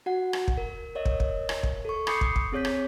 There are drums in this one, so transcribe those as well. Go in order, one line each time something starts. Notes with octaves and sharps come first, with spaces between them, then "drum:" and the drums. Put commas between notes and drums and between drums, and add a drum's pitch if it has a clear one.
F#4 F#5
drum: rim click
drum: kick
A#4
A#4 C#5 D#5 E5
drum: kick
drum: kick
drum: rim click
drum: kick
A4 C#6
B5 D6 D#6 G6 C7 C#7, drum: rim click
drum: kick
drum: kick
C4 G#4 C#5 G6 B6
drum: rim click